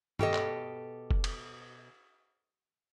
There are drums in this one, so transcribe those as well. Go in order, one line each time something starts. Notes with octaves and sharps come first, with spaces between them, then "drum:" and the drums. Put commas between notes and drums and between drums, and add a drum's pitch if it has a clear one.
B2 G4 A4 D#5, drum: tom G2
drum: clap
drum: kick F1
drum: cymbal